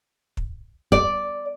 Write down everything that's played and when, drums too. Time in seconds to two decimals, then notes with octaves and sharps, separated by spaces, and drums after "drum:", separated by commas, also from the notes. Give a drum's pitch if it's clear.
0.37 drum: kick
0.92 D5, drum: kick